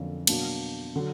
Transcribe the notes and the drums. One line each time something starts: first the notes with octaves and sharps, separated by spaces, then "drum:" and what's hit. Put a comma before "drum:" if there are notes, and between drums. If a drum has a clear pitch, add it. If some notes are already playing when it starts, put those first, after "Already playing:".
Already playing: F2 D3 F#3 A#3 C#4
B2 F#3 A#3 D4, drum: cymbal
D3 F#3